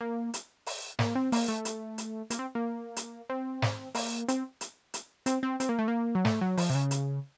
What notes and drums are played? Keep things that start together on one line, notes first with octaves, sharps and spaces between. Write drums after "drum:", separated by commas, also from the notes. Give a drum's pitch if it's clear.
A#3
drum: hi-hat
drum: open hi-hat
A#3, drum: snare
C4
A#3, drum: open hi-hat
A3
drum: hi-hat
drum: hi-hat
A#3, drum: hi-hat
C4
A#3
drum: hi-hat
C4
drum: snare
A#3, drum: open hi-hat
C4, drum: hi-hat
drum: hi-hat
drum: hi-hat
C4, drum: hi-hat
C4
C4, drum: hi-hat
A#3
A3
A#3
F#3
A3, drum: snare
F#3
F3, drum: open hi-hat
C3
C#3
drum: hi-hat